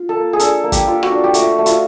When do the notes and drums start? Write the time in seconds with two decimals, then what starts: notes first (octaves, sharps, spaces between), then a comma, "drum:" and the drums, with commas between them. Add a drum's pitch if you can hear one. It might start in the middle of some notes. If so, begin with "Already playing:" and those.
Already playing: F4
0.09 A4
0.16 A#3
0.33 G#4
0.39 D4 A4, drum: hi-hat
0.64 A#3
0.72 G4, drum: kick, hi-hat
0.88 F4
1.03 F#4, drum: rim click
1.11 D4
1.24 G4
1.34 A3 F#4, drum: hi-hat
1.58 A3
1.66 F4, drum: hi-hat